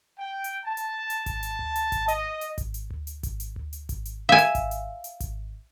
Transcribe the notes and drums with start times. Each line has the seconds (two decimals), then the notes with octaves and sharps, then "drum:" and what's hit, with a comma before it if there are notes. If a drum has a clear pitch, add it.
0.19 G5
0.44 drum: hi-hat
0.66 A5
0.77 drum: hi-hat
1.10 drum: hi-hat
1.26 drum: kick G#1, hi-hat
1.43 drum: hi-hat
1.59 drum: tom D2
1.76 drum: hi-hat
1.92 drum: kick G#1, hi-hat
2.08 D#5, drum: hi-hat
2.41 drum: hi-hat
2.58 drum: kick G#1, hi-hat
2.74 drum: hi-hat
2.90 drum: tom D2
3.07 drum: hi-hat
3.23 drum: kick G#1, hi-hat
3.40 drum: hi-hat
3.56 drum: tom D2
3.73 drum: hi-hat
3.89 drum: kick G#1, hi-hat
4.05 drum: hi-hat
4.29 E5 F5 G#5
4.38 drum: hi-hat
4.55 drum: kick G#1, hi-hat
4.71 drum: hi-hat
5.04 drum: hi-hat
5.20 drum: kick G#1, hi-hat